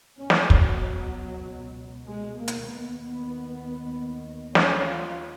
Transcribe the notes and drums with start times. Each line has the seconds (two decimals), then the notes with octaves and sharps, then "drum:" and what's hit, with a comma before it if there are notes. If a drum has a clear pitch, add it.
0.18 C#2 B2 C#4
0.30 drum: snare
0.50 F#3, drum: kick
2.07 G#3
2.38 A#3
2.48 drum: hi-hat
2.68 D#2 D#3 B3
2.99 B3
4.55 C#4, drum: snare
4.87 F4